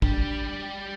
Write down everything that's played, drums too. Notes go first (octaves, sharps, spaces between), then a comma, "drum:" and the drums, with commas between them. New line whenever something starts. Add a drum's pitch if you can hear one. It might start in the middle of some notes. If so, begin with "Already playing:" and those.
G3 D4 G4, drum: kick